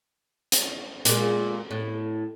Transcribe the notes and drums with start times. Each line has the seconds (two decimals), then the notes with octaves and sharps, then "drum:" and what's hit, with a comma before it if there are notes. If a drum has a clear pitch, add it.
0.52 drum: hi-hat
1.05 A#2 G#3, drum: hi-hat
1.71 A2